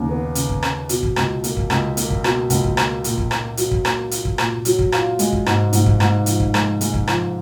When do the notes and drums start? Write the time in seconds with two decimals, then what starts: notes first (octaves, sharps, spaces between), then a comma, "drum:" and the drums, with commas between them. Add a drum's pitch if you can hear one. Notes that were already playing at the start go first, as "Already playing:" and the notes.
Already playing: D#2 C#3
0.09 B3
0.35 C#3, drum: hi-hat
0.49 drum: kick
0.63 C#3, drum: rim click
0.89 B2, drum: hi-hat
1.03 drum: kick
1.16 C#2, drum: rim click
1.44 A#3, drum: hi-hat
1.56 drum: kick
1.70 C#2, drum: rim click
1.97 A#3, drum: hi-hat
2.10 drum: kick
2.24 B2, drum: rim click
2.50 C#2, drum: hi-hat
2.64 drum: kick
2.77 A#3, drum: rim click
3.04 A#2, drum: hi-hat
3.18 drum: kick
3.31 A#3, drum: rim click
3.57 F#3, drum: hi-hat
3.71 drum: kick
3.85 A#3, drum: rim click
4.11 F4, drum: hi-hat
4.25 drum: kick
4.38 A#2, drum: rim click
4.65 F#3, drum: hi-hat
4.79 drum: kick
4.92 F4, drum: rim click
5.19 G#3, drum: hi-hat
5.32 drum: kick
5.46 G#2, drum: rim click
5.73 G#2, drum: hi-hat
5.86 drum: kick
6.00 G#2, drum: rim click
6.26 F3, drum: hi-hat
6.40 drum: kick
6.54 G#3, drum: rim click
6.81 G#3, drum: hi-hat
6.94 drum: kick
7.07 F3, drum: rim click